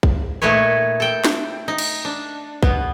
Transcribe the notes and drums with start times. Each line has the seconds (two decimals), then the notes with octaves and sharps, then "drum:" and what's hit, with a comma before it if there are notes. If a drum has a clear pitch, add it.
0.03 drum: kick
0.42 A#2 A3 D#4 B4 C#5
1.00 A4 G5
1.24 drum: snare
1.68 D#4
1.78 drum: cymbal
2.05 D4
2.63 B2 B3, drum: kick